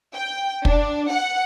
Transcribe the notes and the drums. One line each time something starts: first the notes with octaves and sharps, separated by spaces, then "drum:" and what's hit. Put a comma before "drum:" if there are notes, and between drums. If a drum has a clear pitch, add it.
G5
D4, drum: kick
F#5